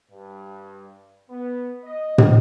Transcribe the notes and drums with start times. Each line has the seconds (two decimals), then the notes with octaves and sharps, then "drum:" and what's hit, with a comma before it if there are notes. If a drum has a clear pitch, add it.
0.11 G2
1.31 B3
1.84 D#5
2.18 drum: tom